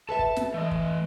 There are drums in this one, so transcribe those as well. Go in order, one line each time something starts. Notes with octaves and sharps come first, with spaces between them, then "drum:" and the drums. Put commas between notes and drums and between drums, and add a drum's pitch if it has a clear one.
A4 B4 E5 A5
drum: kick
drum: snare
E3 A3 D#5
drum: kick